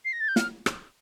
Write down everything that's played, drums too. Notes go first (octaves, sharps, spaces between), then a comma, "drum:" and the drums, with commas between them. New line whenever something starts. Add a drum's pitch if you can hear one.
C7
A#6
A6
G6
F6, drum: snare
drum: rim click